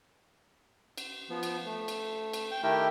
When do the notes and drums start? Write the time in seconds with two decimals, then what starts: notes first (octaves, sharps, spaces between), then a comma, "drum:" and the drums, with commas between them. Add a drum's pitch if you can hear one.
0.98 drum: cymbal
1.30 F3 B3
1.43 drum: cymbal
1.65 A3
1.88 drum: cymbal
2.33 drum: cymbal
2.51 G5
2.63 D#3 A3 E4 G4 A#4 G5